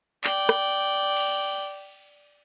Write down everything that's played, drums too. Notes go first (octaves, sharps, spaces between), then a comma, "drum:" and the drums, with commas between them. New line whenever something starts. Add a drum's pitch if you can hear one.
D5 G5, drum: clap
drum: rim click
drum: cymbal